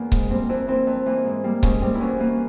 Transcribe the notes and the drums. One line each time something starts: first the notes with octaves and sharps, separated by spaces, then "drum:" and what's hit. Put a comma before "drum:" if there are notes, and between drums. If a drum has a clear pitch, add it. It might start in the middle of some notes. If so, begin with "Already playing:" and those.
Already playing: E2 A#3 C#4
G#2, drum: kick C#1
G3 A#3 C4
F2 C4 E4
E3 A#3 C4 E4
F2
E3 A#3
G#2
G3 A#3
G#2 C#4, drum: kick C#1
G3 A#3 C4
E4
E2 C#4
E3 A#3